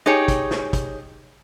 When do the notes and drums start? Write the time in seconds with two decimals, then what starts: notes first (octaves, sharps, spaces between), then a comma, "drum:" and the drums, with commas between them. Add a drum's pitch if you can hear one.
0.06 D#4 G4 G#4 C#5
0.28 drum: kick, hi-hat
0.51 drum: snare
0.73 drum: kick, hi-hat